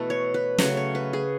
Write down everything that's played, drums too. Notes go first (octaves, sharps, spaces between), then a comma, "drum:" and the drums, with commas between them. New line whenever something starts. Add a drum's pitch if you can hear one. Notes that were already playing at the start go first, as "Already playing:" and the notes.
Already playing: B2 E3 A3 A4 B4
C#5
B4
C#3 F#3 A3 C#5, drum: snare
C#5
B4
G#4